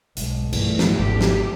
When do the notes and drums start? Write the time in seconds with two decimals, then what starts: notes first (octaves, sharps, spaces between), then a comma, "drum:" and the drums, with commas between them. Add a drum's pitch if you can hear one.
0.17 B1 G#2 G#3, drum: hi-hat
0.53 E2 G2 A#2 A3, drum: cymbal
0.79 drum: snare
0.98 G#1 D2 G4
1.21 drum: snare